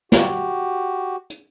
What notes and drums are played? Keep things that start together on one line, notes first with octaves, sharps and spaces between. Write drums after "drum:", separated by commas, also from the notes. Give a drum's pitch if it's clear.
F#4 G4, drum: snare
drum: hi-hat